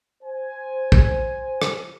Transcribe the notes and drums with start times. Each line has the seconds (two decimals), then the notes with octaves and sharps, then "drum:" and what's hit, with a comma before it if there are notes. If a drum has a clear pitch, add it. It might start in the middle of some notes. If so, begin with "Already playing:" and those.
0.22 C5 G#5
0.92 drum: kick
1.62 drum: rim click